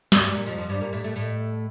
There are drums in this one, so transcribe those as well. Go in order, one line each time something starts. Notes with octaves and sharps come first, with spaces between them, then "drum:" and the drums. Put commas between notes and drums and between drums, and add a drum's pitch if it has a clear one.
G2, drum: snare
G2
A#2
F2 F3
F2 F3
G2 G3
A#2 A#3
A2 A3
A2 A3
A2 A3